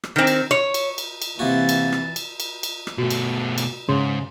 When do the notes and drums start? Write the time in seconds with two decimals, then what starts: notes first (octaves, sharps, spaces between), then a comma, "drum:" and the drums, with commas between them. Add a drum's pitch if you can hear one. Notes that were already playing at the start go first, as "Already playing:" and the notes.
0.04 drum: rim click
0.16 D#3 C4
0.27 drum: cymbal
0.51 C#5
0.74 drum: cymbal
0.98 drum: cymbal
1.22 drum: cymbal
1.39 C3 E3 A#3 F#4 A6
1.69 drum: cymbal
1.92 drum: rim click
2.16 drum: cymbal
2.40 drum: cymbal
2.63 drum: cymbal
2.87 drum: rim click
2.98 B2 A3 F#4
3.10 drum: cymbal
3.58 drum: cymbal
3.89 G#2 C#3 C6